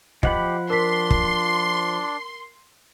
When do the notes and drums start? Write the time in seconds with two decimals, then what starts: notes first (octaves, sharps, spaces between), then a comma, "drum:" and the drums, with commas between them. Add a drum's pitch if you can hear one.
0.23 F3 G4 D#5 F#5 B5 F#7, drum: kick
0.70 D4 A#4 C6 B6
1.11 drum: kick